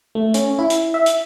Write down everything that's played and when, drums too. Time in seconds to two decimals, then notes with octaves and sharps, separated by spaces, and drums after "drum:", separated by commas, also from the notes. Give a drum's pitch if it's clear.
0.15 A3
0.34 C#4, drum: hi-hat
0.59 E4
0.70 drum: hi-hat
0.94 E5
1.06 drum: hi-hat